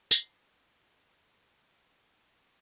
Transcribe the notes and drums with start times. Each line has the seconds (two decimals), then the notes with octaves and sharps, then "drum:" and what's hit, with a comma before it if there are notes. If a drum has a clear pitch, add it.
0.11 F3 G4 B4 C5 A5, drum: tambourine